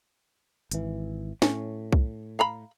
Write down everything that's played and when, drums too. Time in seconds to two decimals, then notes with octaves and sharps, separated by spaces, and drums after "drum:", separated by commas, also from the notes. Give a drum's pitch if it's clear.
0.71 G#1 E3, drum: hi-hat
1.42 A2 C#4, drum: snare
1.92 drum: kick C2
2.39 F5 A#5 B5